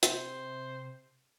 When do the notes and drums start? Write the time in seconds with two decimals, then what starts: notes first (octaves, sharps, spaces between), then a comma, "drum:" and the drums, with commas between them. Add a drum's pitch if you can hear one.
0.03 C3 C5, drum: hi-hat